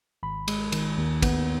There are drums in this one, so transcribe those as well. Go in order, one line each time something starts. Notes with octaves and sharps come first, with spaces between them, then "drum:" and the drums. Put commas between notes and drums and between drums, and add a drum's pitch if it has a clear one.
G#1 B5
G#3, drum: cymbal
D#3, drum: cymbal
D#2
B3, drum: kick, cymbal